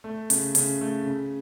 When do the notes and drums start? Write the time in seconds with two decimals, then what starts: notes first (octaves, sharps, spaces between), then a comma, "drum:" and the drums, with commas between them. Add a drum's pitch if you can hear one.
0.04 A3
0.30 C#3, drum: hi-hat
0.55 C#3, drum: hi-hat
0.81 A3
1.06 C#3